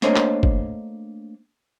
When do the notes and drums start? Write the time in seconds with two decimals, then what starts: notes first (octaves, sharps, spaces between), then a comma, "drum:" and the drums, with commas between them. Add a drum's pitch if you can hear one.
0.02 A3 A#3 D4 C5 C#5 D#5, drum: hi-hat
0.16 drum: clap
0.43 drum: kick G1